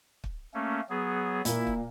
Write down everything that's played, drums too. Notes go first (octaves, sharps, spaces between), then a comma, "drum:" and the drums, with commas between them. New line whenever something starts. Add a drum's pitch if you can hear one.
drum: kick
A3 A#3 C#4
F#3 B3 G#4
A#2 A#3 E4, drum: hi-hat
drum: kick